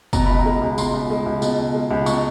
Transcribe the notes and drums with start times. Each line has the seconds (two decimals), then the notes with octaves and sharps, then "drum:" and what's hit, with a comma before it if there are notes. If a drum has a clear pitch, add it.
0.13 B2 A#5, drum: kick, tambourine
0.26 C#2 B5
0.39 A#5
0.46 G#3
0.62 C#2
0.78 B2 C6, drum: tambourine
0.94 C#2
1.10 G#3
1.26 C#2
1.42 B2, drum: tambourine
1.59 C#2
1.74 G#3
1.91 C#2
2.06 B2 C#6, drum: tambourine